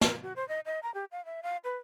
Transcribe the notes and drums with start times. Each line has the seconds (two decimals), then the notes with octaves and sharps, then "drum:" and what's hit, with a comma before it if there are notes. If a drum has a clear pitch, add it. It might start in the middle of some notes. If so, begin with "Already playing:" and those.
0.01 A#4, drum: snare
0.22 F#4
0.36 C5
0.49 D#5
0.65 D#5
0.83 A#5
0.94 G4
1.12 F5
1.25 E5
1.43 F5
1.64 B4